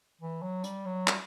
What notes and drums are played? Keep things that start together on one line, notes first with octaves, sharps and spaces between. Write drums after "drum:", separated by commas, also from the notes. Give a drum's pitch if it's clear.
E3
F#3
G3, drum: hi-hat
F#3
G3, drum: clap